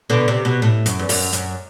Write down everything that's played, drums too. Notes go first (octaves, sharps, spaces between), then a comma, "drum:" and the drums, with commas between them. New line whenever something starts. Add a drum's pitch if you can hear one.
B2 D3
C3
B2
A2
F#2, drum: hi-hat
E2
F#2, drum: open hi-hat
F#2, drum: hi-hat